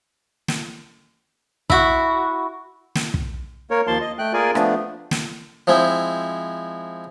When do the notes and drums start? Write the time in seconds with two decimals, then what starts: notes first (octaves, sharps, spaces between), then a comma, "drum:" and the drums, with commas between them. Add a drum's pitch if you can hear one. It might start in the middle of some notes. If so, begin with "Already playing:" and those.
0.48 drum: snare
1.70 E4 F#4 B5 C#6, drum: kick
2.95 drum: snare
3.14 drum: kick
3.70 A#3 A#4 C#5
3.87 D#2 F3 A#3 A5 C6
4.01 D#5
4.18 A3 G5 F#6
4.33 A#3 F4 G#4 A#4 D5 G#5
4.55 F3 A3 B3 D4, drum: rim click
5.11 drum: snare
5.67 F3 G#3 C4 E4